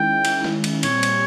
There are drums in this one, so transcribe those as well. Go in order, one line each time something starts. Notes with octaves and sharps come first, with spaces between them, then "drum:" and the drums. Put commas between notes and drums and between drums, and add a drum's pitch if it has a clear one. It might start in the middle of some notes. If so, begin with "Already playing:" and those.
Already playing: D#3 G#3 C#4 E4 G5
D#3 G#3 C#4 E4, drum: cymbal
drum: snare
drum: cymbal
A#2 G3 C4 C#5, drum: cymbal
drum: cymbal